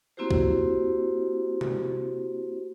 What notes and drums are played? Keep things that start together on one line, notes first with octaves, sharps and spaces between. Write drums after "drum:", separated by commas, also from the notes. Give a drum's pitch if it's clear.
A#3 C4 E4 F#4 G4 C5
drum: kick
drum: tom C3